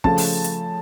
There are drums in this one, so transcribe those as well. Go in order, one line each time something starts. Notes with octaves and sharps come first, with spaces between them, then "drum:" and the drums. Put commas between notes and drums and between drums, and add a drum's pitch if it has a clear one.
C#3 F3 A3 A5, drum: kick
drum: open hi-hat
drum: hi-hat